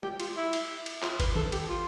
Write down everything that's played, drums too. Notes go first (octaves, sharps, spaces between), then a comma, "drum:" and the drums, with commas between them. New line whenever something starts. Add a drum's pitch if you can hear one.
G4, drum: tom
F4, drum: cymbal
E4
drum: cymbal
drum: cymbal
F4, drum: clap
B4, drum: kick G#1, cymbal
A4, drum: tom
G4, drum: cymbal
F4